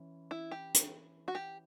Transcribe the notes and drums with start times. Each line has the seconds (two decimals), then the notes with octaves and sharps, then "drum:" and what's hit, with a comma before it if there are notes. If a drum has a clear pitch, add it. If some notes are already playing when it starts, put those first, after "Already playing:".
Already playing: E3 C#4
0.31 E4
0.51 G4
0.74 drum: hi-hat
1.28 F#4
1.35 G4